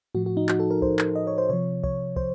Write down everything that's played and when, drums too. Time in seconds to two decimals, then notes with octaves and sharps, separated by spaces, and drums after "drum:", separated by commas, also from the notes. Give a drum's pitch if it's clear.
0.15 A2 F3 F#4
0.26 F#4
0.37 D#4
0.49 F#4, drum: clap
0.60 A4
0.71 A#4
0.82 C5, drum: kick
0.99 drum: clap
1.15 D#5
1.27 C#5
1.38 C5
1.49 C3 F3 C#5
1.84 C#5, drum: kick
2.16 C5, drum: kick